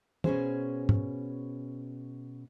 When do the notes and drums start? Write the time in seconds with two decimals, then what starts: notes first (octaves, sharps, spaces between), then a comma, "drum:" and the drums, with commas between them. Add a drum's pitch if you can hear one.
0.24 B2 C#4 G#4 C5, drum: tom
0.89 drum: tom G#2